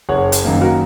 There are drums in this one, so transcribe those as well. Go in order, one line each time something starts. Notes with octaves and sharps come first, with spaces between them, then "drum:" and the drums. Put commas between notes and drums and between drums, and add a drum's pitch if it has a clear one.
F#1 C#5 F#5
drum: hi-hat
F#2 D#3 A#3 D#4
F#4 A#4